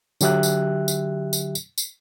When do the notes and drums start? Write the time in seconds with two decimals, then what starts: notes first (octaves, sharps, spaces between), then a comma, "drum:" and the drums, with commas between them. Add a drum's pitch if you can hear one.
0.21 D3 F#3 G4 E5 F#6, drum: tambourine
0.43 drum: tambourine
0.88 drum: tambourine
1.33 drum: tambourine
1.55 drum: tambourine
1.78 drum: tambourine